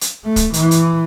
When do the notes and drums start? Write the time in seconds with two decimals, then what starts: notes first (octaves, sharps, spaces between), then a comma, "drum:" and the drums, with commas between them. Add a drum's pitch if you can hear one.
0.01 drum: hi-hat
0.24 A3
0.36 drum: kick, hi-hat
0.53 E3, drum: hi-hat
0.71 drum: hi-hat